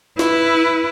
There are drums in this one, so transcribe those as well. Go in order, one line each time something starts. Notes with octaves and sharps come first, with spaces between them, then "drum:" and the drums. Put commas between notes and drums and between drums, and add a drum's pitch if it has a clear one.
E4 B4, drum: snare